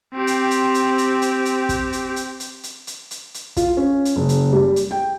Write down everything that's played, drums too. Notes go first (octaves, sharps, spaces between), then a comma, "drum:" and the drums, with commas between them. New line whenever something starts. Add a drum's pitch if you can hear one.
C4 G4
drum: hi-hat
drum: hi-hat
drum: hi-hat
drum: hi-hat
drum: hi-hat
drum: hi-hat
drum: kick, hi-hat
drum: hi-hat
drum: hi-hat
drum: hi-hat
drum: hi-hat
drum: hi-hat
drum: hi-hat
drum: hi-hat
F4, drum: kick, hi-hat
C#4
drum: hi-hat
F#1
drum: hi-hat
G3
drum: hi-hat
G5